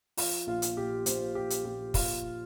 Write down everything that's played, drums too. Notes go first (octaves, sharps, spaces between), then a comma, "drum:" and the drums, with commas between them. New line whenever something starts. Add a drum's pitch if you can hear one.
F3 F4, drum: open hi-hat
A#1 F4
drum: hi-hat
A#2 G4
A#1 C5, drum: hi-hat
F3 G4
drum: hi-hat
A#1 G4
F3 F4, drum: kick, open hi-hat